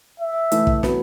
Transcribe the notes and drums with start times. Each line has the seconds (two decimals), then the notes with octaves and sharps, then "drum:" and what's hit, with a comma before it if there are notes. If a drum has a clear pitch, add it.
0.20 E5
0.52 E3 A3, drum: hi-hat
0.67 drum: kick
0.83 F#3 B3, drum: snare